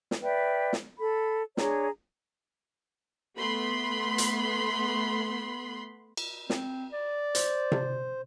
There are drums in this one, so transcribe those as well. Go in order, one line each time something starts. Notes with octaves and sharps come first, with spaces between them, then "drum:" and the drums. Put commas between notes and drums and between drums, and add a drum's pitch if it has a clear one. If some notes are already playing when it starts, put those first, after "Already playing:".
drum: snare
B4 D5 E5 G5
drum: snare
A4 B5
D4 G#4 C#5 A#5, drum: snare
A3 B3 B5 C6
drum: hi-hat
drum: cymbal
C4, drum: snare
D5
C5, drum: hi-hat
drum: tom C3